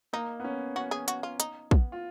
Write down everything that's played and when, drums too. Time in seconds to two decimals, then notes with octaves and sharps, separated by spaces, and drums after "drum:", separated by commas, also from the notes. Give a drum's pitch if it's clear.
0.13 A#3 D#4
0.40 B3
0.44 C#4
0.76 C#4 F#4
0.91 G#4
1.08 F#4, drum: hi-hat
1.23 F4
1.40 D#4, drum: hi-hat
1.71 B3, drum: kick
1.92 F4